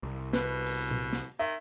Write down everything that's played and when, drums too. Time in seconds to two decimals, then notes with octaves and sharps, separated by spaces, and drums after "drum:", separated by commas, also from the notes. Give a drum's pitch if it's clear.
0.03 C2
0.33 B2 B4, drum: snare
0.66 drum: cymbal
0.91 drum: tom A#2
1.13 drum: snare
1.39 D#3 E5